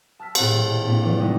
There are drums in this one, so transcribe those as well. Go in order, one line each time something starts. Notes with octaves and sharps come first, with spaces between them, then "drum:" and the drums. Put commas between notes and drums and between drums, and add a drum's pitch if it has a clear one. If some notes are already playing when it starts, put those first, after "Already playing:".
A5 E6 F6 B6
A2 C4, drum: cymbal
D#1
A2 A#3 C4 D4 E4
F1 E3 D5 C#6
G3 A3 D4 D#4 F4